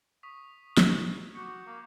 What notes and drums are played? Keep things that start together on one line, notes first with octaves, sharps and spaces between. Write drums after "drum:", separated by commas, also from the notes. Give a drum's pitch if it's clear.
C#6 D#6 B6
drum: snare
G#6
F#4 D6 G6 C#7
A#3